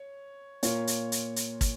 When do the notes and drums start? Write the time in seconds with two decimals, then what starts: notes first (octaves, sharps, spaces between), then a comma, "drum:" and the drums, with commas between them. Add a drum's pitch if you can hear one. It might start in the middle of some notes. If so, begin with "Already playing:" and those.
Already playing: C#5
0.63 A#2 A#3 F4 C#5, drum: hi-hat
0.87 drum: hi-hat
1.12 drum: hi-hat
1.36 drum: hi-hat
1.61 drum: kick, hi-hat